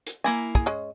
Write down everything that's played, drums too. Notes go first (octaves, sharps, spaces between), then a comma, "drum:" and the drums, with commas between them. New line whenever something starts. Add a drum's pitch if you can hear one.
drum: hi-hat
A#3 E4 G#5
G#4, drum: kick
G#3 C#4